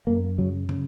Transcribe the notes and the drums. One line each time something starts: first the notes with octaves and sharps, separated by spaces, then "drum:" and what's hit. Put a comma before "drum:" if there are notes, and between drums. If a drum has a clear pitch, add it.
F#2 A#3
C#3 F#3
C#3, drum: tom